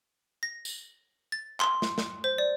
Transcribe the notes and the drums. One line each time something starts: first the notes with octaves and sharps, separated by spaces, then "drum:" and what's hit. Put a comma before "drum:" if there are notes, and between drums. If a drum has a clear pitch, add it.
A#6
drum: tambourine
A6
C6, drum: clap
drum: snare
drum: snare
C5
D5